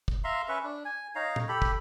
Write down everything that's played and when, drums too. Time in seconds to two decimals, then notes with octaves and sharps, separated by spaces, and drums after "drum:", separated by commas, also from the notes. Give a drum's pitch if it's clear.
0.08 drum: kick
0.24 E5 F5 A#5 C6
0.49 C#4 B4 E5 C#6
0.63 D4
0.85 G#5
1.15 D#4 C#5 F5 A#5
1.36 drum: tom A#2
1.48 G4 A4 B5
1.62 drum: kick